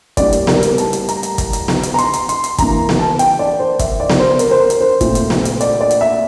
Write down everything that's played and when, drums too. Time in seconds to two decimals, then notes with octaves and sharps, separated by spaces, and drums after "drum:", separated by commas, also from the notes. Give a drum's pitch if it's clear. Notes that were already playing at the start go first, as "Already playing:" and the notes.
0.17 A2 G3 A#3 D5, drum: kick, hi-hat
0.33 drum: hi-hat
0.47 A#4, drum: snare B3
0.63 drum: hi-hat
0.78 A5, drum: hi-hat
0.93 drum: hi-hat
1.09 A#5, drum: hi-hat
1.23 drum: hi-hat
1.38 drum: kick, hi-hat
1.53 drum: hi-hat
1.68 drum: snare B3
1.83 drum: hi-hat
1.94 A#5
1.98 C6, drum: hi-hat
2.13 drum: hi-hat
2.29 C6, drum: hi-hat
2.44 drum: hi-hat
2.58 E3 A#3 A#5, drum: kick, hi-hat
2.89 drum: snare B3
2.99 A5
3.19 G5, drum: hi-hat
3.39 D5
3.60 C5
3.79 E5, drum: kick, hi-hat
4.00 D5
4.10 drum: snare B3
4.19 C5
4.39 A#4, drum: hi-hat
4.51 C5
4.60 A#4
4.70 drum: hi-hat
4.81 C5
5.01 A#2 A3 C4, drum: kick, hi-hat
5.15 drum: hi-hat
5.30 drum: snare B3
5.45 drum: hi-hat
5.61 D5, drum: hi-hat
5.81 D5
5.91 drum: hi-hat
6.01 E5